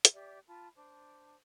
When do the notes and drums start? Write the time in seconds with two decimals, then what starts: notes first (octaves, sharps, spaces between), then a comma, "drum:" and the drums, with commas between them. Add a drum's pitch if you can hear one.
0.05 drum: hi-hat
0.14 G4 D5 E5
0.47 F4 A5 B5
0.76 D4 C5